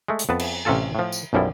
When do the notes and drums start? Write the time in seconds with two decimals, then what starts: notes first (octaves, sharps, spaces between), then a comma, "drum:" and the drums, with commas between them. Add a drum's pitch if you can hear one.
0.08 G#3 A3
0.19 drum: hi-hat
0.29 F2 B3 B4 A5
0.39 drum: cymbal
0.65 A1 C3 C#4 F4 A4 A5
0.95 A2 F3
1.12 drum: tambourine
1.33 B1 F#2 F3 G3 E4